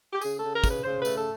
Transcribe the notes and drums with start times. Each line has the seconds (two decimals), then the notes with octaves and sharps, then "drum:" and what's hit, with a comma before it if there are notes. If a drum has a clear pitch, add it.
0.13 G4
0.21 C#3 G#4, drum: tambourine
0.38 A4
0.43 C#3
0.54 A#4
0.64 C#3, drum: kick, tambourine
0.69 B4
0.84 C#3 C5
1.00 B4
1.05 A3, drum: tambourine
1.16 A4